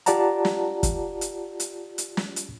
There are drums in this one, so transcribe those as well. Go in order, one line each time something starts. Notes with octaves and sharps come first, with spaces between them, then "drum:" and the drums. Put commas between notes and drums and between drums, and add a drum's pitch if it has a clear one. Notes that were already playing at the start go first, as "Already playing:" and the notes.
F4 G4 D5 F#5 A5 A#5, drum: hi-hat
drum: snare
drum: kick, hi-hat
drum: hi-hat
drum: hi-hat
drum: hi-hat
drum: snare
drum: hi-hat